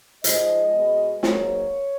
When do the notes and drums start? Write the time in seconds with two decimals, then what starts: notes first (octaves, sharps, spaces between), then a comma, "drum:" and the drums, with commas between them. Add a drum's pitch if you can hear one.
0.24 G#2 F3 G#3 D#5, drum: hi-hat
0.74 B2 G#3
1.23 G#2 F#3 A#3 C#5, drum: snare